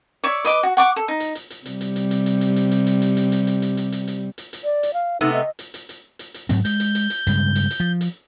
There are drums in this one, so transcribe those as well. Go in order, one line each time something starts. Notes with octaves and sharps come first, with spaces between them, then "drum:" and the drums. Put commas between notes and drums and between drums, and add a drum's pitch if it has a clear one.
C#5 D5 E5 C#6
B4 D#5 D6, drum: hi-hat
F#4
F#5 C#6 D6, drum: hi-hat
A4
D#4
drum: hi-hat
drum: hi-hat
drum: hi-hat
C3 G3, drum: hi-hat
drum: hi-hat
drum: hi-hat
drum: hi-hat
drum: hi-hat
drum: hi-hat
drum: hi-hat
drum: hi-hat
drum: hi-hat
drum: hi-hat
drum: hi-hat
drum: hi-hat
drum: hi-hat
drum: hi-hat
drum: hi-hat
drum: hi-hat
drum: hi-hat
drum: hi-hat
drum: hi-hat
D5
drum: hi-hat
F5
C3 A3 B3 D#4
D#5
drum: hi-hat
drum: hi-hat
drum: hi-hat
drum: hi-hat
drum: hi-hat
G#2 F#3 C4, drum: hi-hat
G#3 G6, drum: hi-hat
drum: hi-hat
drum: hi-hat
drum: hi-hat
G2 C#3 G#3, drum: hi-hat
drum: hi-hat
drum: hi-hat
F3
drum: hi-hat